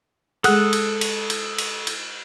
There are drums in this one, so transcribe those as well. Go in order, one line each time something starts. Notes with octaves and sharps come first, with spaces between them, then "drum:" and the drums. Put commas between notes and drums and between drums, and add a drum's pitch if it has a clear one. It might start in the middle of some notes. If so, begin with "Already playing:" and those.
G#3 G#4 A4 F#5 D#6 F#6, drum: cymbal
drum: cymbal
drum: cymbal
drum: cymbal
drum: cymbal
drum: cymbal